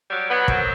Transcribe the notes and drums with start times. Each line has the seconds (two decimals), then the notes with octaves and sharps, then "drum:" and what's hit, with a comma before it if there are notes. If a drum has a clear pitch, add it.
0.10 F#3 G3
0.29 F#3 B3
0.48 F#2 C4, drum: kick